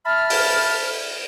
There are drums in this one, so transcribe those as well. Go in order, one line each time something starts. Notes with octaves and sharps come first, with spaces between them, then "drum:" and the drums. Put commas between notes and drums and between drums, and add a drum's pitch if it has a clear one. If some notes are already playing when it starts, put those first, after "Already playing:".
E5 A5 B5 F6
drum: open hi-hat